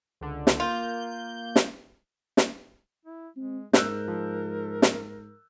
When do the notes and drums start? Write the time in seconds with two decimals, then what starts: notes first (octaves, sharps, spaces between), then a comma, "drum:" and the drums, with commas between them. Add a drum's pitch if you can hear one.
0.21 C#2 D3
0.47 drum: snare
0.60 A#3 F4 G6
1.56 drum: snare
2.37 drum: snare
3.05 E4
3.37 G#3 C4
3.73 G#2 A#4 E6 F#6 G6, drum: snare
4.08 F3
4.82 drum: snare